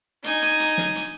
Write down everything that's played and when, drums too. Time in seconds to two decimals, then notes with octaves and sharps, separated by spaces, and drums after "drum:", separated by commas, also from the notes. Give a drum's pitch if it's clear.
0.24 D#4 G#5, drum: hi-hat
0.42 drum: hi-hat
0.60 drum: hi-hat
0.78 drum: snare
0.95 drum: hi-hat